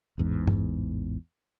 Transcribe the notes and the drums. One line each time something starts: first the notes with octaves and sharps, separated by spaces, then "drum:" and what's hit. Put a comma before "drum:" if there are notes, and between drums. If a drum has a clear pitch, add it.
A1 E2 G#2
drum: tom G2